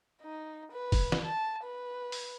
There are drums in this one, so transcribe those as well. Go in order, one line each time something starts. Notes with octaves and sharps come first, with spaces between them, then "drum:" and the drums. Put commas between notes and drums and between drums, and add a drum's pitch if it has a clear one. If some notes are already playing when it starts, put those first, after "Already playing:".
D#4
B4
drum: kick, open hi-hat
drum: snare
A5
B4
drum: open hi-hat